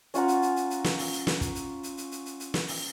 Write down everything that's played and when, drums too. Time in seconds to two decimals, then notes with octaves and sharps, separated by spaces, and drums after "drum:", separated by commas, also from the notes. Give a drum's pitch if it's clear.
0.14 C#4 F4 F#5 A#5, drum: hi-hat
0.28 drum: hi-hat
0.42 drum: hi-hat
0.56 drum: hi-hat
0.70 drum: hi-hat
0.84 drum: snare
0.99 drum: open hi-hat
1.13 drum: hi-hat
1.27 drum: snare
1.41 drum: kick, hi-hat
1.55 drum: hi-hat
1.83 drum: hi-hat
1.97 drum: hi-hat
2.12 drum: hi-hat
2.26 drum: hi-hat
2.40 drum: hi-hat
2.54 drum: snare
2.68 drum: open hi-hat